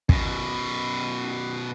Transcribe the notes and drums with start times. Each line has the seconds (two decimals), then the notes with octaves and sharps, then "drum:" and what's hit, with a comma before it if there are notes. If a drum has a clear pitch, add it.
0.09 F#2 B2, drum: kick